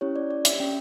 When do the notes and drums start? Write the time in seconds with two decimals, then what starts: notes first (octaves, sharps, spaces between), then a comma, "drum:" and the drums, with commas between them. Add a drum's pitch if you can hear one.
0.01 C#4 E4 G4 C#5
0.16 D5
0.31 D5
0.45 E5, drum: hi-hat
0.60 C#4 G4 G5